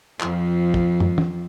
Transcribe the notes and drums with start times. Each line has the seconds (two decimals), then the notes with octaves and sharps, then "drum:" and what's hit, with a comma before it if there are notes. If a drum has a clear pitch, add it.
0.20 F2 F3, drum: clap
0.74 drum: kick
1.00 drum: tom
1.18 drum: tom